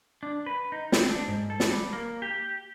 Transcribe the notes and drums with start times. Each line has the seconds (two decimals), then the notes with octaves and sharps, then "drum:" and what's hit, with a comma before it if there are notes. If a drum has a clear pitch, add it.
0.23 D4
0.46 B4
0.72 D#4
0.92 C4, drum: snare
1.09 D4
1.28 G#2
1.50 A4
1.60 drum: snare
1.70 G3
1.93 A#3
2.22 G4